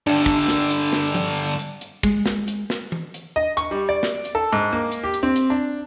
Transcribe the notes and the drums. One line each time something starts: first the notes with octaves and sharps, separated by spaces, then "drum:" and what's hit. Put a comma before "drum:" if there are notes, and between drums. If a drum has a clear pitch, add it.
G2 D3 D4
drum: kick
drum: snare
drum: hi-hat
drum: snare
drum: tom F3
drum: hi-hat
drum: hi-hat
drum: hi-hat
G#3, drum: kick, hi-hat
drum: snare
drum: hi-hat
drum: snare
drum: tom E3
drum: hi-hat
D#5
C#6, drum: hi-hat
G3
D5
drum: snare
drum: hi-hat
A4
G#2
A#3
drum: hi-hat
G4
drum: hi-hat
C4
drum: hi-hat
D4